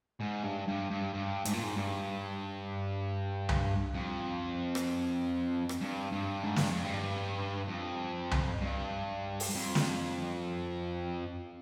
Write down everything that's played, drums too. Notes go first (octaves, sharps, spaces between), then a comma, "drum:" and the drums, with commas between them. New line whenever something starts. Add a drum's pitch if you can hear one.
G#2
G2
G2
G2
G2
G#2, drum: hi-hat
A#2
G#2
G2
drum: tom C2
F2
drum: rim click
drum: rim click
G2
G2
G#2
G2, drum: snare
F2
G2
F2
drum: tom C2
G2
drum: open hi-hat
F2
drum: snare